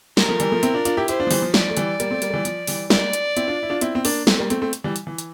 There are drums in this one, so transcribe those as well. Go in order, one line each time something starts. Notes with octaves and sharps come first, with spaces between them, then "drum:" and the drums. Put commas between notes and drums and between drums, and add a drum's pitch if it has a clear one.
G3 A#3 A#4, drum: snare
F3 A3
E3 G3, drum: hi-hat
F3 A3
C4 E4, drum: hi-hat
D4 F4
D4 F4, drum: hi-hat
E4 G4
E4 G4 C5, drum: hi-hat
D4 F4
F3
E3 G3, drum: open hi-hat
F3
F3 D5, drum: snare
A3
E3 G3, drum: hi-hat
G3 A#3, drum: hi-hat
A3 C4
G3 A#3, drum: hi-hat
A3
E3 G3
F3, drum: hi-hat
E3 G3, drum: open hi-hat
G3 A#3 D5, drum: snare
drum: hi-hat
C4 E4, drum: hi-hat
D4 F4
E4
D4 F4
C4 E4, drum: hi-hat
C4
A#3 D4, drum: open hi-hat
A3 C4, drum: snare
G3 A#3
A3 C4, drum: hi-hat
A3 C4
drum: hi-hat
E3 G3
drum: hi-hat
E3
drum: hi-hat